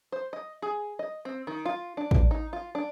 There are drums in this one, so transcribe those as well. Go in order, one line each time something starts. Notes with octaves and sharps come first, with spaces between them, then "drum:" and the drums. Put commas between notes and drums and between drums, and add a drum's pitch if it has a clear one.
C5
D#5
G#4
D#5
C4
D#3
F4
D4
drum: kick
D#4
F4
D4